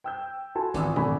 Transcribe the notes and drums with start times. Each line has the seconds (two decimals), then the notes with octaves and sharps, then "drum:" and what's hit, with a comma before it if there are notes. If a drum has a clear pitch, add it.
0.04 G5 E6 G6
0.55 E4 F#4 A4 G#5 A5 C6
0.74 G#1 E3 F4 D#6 E6, drum: kick, hi-hat
0.96 G#1 A3 D4 G#5 B5, drum: tom